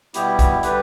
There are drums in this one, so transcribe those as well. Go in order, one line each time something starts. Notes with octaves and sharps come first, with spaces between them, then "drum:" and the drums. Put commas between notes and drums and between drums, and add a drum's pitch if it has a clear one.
B2 G3 B3 E4 G4, drum: hi-hat
drum: kick, hi-hat
D3 G3 G4 B4, drum: hi-hat